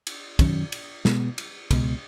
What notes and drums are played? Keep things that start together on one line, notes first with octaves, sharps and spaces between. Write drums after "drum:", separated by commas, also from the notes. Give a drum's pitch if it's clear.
drum: cymbal
F#2 D#3 F#3 C#4, drum: kick, cymbal
drum: cymbal
B2 G#3 B3, drum: snare
drum: cymbal
C#2 B2 G#3, drum: kick, cymbal